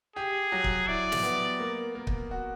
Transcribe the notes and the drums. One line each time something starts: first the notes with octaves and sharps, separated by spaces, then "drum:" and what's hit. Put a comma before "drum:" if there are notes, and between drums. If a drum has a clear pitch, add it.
G4 G#4
F#3
drum: kick
E4 D5
drum: snare
B3
A#3
A#3
drum: kick
F#4